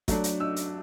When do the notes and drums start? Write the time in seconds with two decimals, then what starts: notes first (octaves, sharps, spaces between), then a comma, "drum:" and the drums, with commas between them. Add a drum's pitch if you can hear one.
0.08 F#3 A3 D4, drum: kick, hi-hat
0.24 drum: hi-hat
0.40 E6
0.56 drum: hi-hat